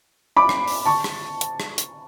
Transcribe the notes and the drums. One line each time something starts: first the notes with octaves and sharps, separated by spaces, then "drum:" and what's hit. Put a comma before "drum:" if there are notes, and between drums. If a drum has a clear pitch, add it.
B5 D6
drum: rim click
drum: open hi-hat
A5 C#6
drum: rim click
drum: hi-hat
drum: rim click
drum: hi-hat